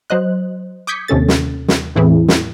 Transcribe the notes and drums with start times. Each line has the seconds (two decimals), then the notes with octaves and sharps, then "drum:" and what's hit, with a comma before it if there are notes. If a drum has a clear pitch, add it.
0.10 F#3 C5 D#5 F#6
0.87 D6 D#6 G6 G#6 B6 C#7
1.08 D#2 C3 C#4 A4 A6
1.28 drum: snare
1.68 drum: snare
1.95 E2 A2 E3 C4 E4 G#4
2.28 drum: snare